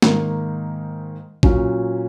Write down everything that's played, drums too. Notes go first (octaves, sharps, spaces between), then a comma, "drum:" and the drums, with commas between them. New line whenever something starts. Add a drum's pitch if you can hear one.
G#2 D#3 A#3, drum: snare
A#2 F#3 C#4, drum: kick